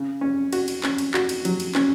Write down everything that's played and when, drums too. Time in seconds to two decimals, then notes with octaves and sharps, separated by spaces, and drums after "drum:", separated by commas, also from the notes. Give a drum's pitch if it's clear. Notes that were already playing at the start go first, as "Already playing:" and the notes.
Already playing: C#3
0.21 C#4
0.53 F#4, drum: cymbal
0.68 drum: cymbal
0.83 C#4, drum: clap
0.98 drum: cymbal
1.14 F#4, drum: clap
1.29 drum: cymbal
1.45 F#3, drum: cymbal
1.60 drum: cymbal
1.75 C#4, drum: clap